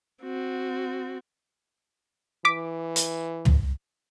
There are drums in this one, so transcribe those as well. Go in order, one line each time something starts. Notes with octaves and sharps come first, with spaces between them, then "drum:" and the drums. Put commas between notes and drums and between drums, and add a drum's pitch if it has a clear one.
C4 F#4
E3 D6 B6
drum: hi-hat
drum: tom